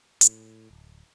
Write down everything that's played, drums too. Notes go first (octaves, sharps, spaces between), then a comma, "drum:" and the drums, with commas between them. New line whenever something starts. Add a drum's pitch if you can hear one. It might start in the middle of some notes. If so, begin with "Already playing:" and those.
A2, drum: hi-hat
D1